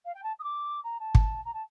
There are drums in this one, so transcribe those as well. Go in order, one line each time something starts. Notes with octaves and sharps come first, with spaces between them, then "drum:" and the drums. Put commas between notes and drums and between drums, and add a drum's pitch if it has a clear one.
F5
G5
A5
D#6
D6
A#5
A5
drum: kick
A#5
A5